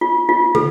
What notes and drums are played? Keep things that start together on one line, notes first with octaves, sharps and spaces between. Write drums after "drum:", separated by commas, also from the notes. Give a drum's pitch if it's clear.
F4
F4
A4, drum: tom